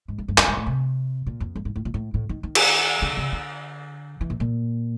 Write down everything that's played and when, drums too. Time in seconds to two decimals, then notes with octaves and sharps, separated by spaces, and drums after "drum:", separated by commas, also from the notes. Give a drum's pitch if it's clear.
0.08 G#2
0.18 G2
0.28 G2
0.38 F#2, drum: clap
0.48 G#2
0.57 A2
0.66 C3
1.26 A#2
1.40 F2
1.56 G2
1.65 G#2
1.76 A2
1.85 A#2
1.94 A2
2.14 A2
2.29 D#3
2.43 D#3
2.55 drum: cymbal
3.02 D3
3.17 C#3
3.33 D3
4.21 E3
4.30 A#2
4.40 A#2